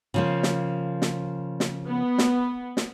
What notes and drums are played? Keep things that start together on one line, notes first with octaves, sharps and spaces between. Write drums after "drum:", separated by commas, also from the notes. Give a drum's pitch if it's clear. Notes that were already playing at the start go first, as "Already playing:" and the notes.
C#3 F3 A#3
drum: snare
drum: snare
drum: snare
B3
drum: snare
drum: snare